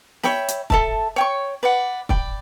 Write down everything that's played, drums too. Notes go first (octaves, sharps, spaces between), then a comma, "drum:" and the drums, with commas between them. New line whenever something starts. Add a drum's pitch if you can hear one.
C#5 E5 G5 B5, drum: snare
drum: hi-hat
A4 E5 A5, drum: kick
C#5 G5 C#6
B4 D5 F#5
D5 G5 B5, drum: kick